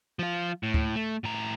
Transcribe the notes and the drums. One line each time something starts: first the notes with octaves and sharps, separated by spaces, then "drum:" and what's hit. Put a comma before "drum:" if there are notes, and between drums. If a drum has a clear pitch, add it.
F3 F4
A2
drum: kick D2
A3
A2 A#5